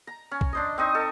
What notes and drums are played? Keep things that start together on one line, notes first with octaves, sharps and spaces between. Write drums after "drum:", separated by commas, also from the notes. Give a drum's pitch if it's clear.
A#5
C#4
drum: kick B1
D4 C5 D#5
C4 D#4 D#5 C#6
A4